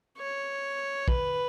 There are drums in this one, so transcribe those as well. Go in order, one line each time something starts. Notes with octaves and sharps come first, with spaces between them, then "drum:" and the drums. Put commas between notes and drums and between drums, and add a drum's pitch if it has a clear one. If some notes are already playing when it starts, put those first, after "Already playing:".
C#5
B4, drum: kick